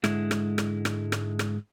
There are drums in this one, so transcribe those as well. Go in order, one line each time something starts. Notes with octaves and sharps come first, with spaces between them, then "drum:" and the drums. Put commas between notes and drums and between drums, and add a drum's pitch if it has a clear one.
G#2 D3 G#3 E4, drum: rim click
drum: rim click
drum: rim click
drum: rim click
drum: rim click
drum: rim click